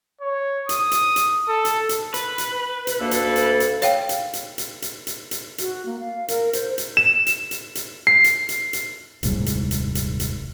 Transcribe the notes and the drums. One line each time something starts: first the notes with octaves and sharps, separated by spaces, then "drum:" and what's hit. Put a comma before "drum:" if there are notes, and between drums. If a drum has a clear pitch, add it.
C#5
D#6, drum: hi-hat
drum: hi-hat
drum: hi-hat
A4
drum: hi-hat
drum: hi-hat
B4, drum: hi-hat
drum: hi-hat
drum: hi-hat
D2 A#3 A4
drum: hi-hat
drum: hi-hat
drum: hi-hat
C#5 F5 G5, drum: hi-hat
drum: hi-hat
drum: hi-hat
drum: hi-hat
drum: hi-hat
drum: hi-hat
drum: hi-hat
F#4, drum: hi-hat
A#3
F5
A#4, drum: hi-hat
C5, drum: hi-hat
drum: hi-hat
E7
drum: hi-hat
drum: hi-hat
drum: hi-hat
C7
drum: hi-hat
drum: hi-hat
drum: hi-hat
D#1 C2 G#2 F#3, drum: hi-hat
drum: hi-hat
drum: hi-hat
drum: hi-hat
drum: hi-hat